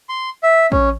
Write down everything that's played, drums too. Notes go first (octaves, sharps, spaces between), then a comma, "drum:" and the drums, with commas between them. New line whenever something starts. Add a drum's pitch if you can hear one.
C6
E5
C#4, drum: kick